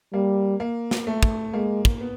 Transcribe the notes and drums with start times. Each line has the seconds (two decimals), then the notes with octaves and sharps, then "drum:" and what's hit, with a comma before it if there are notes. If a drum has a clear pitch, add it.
0.13 G3 A#3
0.60 A#3
0.91 drum: snare
1.07 A3
1.23 drum: kick
1.53 G#3 A#3
1.85 drum: kick
2.01 B3